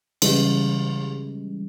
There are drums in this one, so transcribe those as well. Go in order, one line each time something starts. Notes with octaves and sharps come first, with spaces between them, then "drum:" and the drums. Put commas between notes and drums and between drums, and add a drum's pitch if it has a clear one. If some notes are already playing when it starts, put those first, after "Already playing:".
C#3 E3 G3 G#3, drum: cymbal